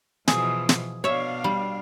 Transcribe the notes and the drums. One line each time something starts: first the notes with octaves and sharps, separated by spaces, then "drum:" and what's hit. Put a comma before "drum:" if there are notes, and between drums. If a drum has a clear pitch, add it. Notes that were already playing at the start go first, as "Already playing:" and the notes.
B2 E3 F3 G#4, drum: snare
drum: snare
B2 D4 C#5 E5 F5
G3